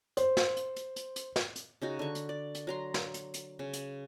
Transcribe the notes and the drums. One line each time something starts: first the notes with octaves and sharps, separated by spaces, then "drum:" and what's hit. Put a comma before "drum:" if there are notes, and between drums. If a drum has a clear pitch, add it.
C5, drum: hi-hat
drum: snare
drum: hi-hat
drum: hi-hat
drum: hi-hat
drum: hi-hat
drum: snare
drum: hi-hat
C#3 D#4 F#4
D3 C#6
drum: hi-hat
D5
drum: hi-hat
F#3 A#5 C6
drum: snare
drum: hi-hat
drum: hi-hat
C#3
drum: hi-hat